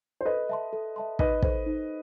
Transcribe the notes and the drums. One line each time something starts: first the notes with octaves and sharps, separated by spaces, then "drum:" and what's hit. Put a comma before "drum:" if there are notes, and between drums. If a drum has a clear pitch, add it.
C5
A4 B4 D#5
E5 A5 C6
A4
E5 A5 C6
D#4 B4 D#5, drum: kick
A4 C5, drum: kick
D#4